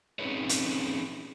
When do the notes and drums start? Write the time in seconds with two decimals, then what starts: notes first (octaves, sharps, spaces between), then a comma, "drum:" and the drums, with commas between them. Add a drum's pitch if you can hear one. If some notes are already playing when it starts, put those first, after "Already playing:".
0.19 C4 C#4 D#4 G#4 B4 C#5
0.49 drum: hi-hat